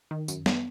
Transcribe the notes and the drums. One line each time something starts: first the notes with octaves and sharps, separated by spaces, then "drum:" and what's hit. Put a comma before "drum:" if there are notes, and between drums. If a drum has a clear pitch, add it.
D#3
F#2, drum: tambourine
B3, drum: snare